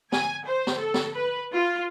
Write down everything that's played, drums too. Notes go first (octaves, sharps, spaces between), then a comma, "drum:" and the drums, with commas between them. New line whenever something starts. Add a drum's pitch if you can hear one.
G#5, drum: snare
C5
drum: snare
A4
drum: snare
B4
F4